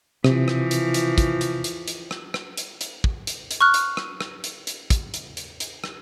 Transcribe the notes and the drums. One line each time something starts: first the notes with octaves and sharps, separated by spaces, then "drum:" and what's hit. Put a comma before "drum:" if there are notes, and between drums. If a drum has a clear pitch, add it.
C3 E3 F3, drum: rim click
drum: rim click
drum: hi-hat
drum: hi-hat
drum: kick, hi-hat
drum: hi-hat
drum: hi-hat
drum: hi-hat
drum: rim click
drum: rim click
drum: hi-hat
drum: hi-hat
drum: kick
drum: hi-hat
drum: hi-hat
C#6 F6 F#6
drum: hi-hat
drum: rim click
drum: rim click
drum: hi-hat
drum: hi-hat
drum: kick, hi-hat
drum: hi-hat
drum: hi-hat
drum: hi-hat
drum: rim click